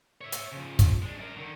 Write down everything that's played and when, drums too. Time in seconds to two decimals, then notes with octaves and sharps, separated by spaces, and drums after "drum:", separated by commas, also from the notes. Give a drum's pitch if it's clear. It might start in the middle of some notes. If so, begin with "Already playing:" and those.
0.21 C#5 E5
0.32 drum: hi-hat
0.52 C#3 F3
0.79 drum: kick, hi-hat
1.02 G#3 D4
1.18 F#2 A#4
1.37 D3 D#3